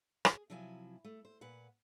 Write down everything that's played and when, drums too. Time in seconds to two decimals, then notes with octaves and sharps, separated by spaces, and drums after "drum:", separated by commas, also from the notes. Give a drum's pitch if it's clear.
0.25 G#4, drum: rim click
0.50 C3 F3 F#3 E4 G#5
1.05 A3
1.25 C5
1.41 A#2 B4 F#5